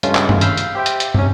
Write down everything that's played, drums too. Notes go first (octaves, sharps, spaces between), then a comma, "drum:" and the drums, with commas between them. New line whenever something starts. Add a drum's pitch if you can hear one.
G2 C#3 G#3 A3 C#4 F4, drum: hi-hat
drum: clap
drum: tom G2
F5 B5 E6 F6 G6, drum: hi-hat
drum: hi-hat
G4 C5 E5 G5
drum: hi-hat
drum: hi-hat
C3 C#4, drum: tom